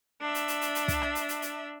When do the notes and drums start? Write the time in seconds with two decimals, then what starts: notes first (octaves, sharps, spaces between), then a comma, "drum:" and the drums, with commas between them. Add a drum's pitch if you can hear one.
0.21 D4 E5
0.34 drum: hi-hat
0.48 drum: hi-hat
0.61 drum: hi-hat
0.75 drum: hi-hat
0.88 drum: kick, hi-hat
1.02 drum: rim click
1.15 drum: hi-hat
1.29 drum: hi-hat
1.42 drum: hi-hat